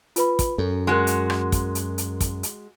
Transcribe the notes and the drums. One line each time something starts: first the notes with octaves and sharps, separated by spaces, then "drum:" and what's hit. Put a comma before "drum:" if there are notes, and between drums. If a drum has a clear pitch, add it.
F4 B4 B5, drum: hi-hat
drum: kick, hi-hat
F#2 A4
G#3 F#4 A#4 C6
drum: hi-hat
drum: rim click
drum: kick, hi-hat
drum: hi-hat
drum: hi-hat
drum: kick, hi-hat
drum: hi-hat